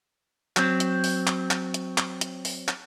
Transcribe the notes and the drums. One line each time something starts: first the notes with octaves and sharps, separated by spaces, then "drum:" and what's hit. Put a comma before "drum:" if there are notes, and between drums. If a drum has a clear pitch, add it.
F#3 C4, drum: clap
drum: hi-hat
drum: open hi-hat
drum: clap
drum: clap
drum: hi-hat
drum: clap
drum: hi-hat
drum: open hi-hat
drum: clap